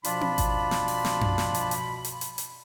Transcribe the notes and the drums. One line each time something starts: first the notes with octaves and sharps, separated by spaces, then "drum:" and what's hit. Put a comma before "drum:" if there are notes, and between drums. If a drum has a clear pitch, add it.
B2 F3 D4 F4 B5, drum: hi-hat
drum: tom C4
drum: kick G#1, hi-hat
drum: snare
drum: open hi-hat
drum: snare
drum: tom F#2
drum: snare
drum: hi-hat
drum: hi-hat
drum: hi-hat
drum: hi-hat
drum: hi-hat